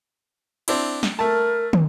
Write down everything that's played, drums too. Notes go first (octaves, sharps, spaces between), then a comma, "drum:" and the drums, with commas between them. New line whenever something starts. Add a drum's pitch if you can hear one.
C4 D4 E4, drum: cymbal
drum: snare
A3 A#4 A5
drum: tom